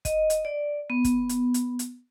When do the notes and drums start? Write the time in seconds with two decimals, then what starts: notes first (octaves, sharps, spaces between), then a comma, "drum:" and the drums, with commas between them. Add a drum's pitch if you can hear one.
0.05 D#5, drum: kick, hi-hat
0.30 drum: hi-hat
0.45 D5
0.90 B3
1.04 drum: kick, hi-hat
1.29 drum: hi-hat
1.54 drum: hi-hat
1.79 drum: hi-hat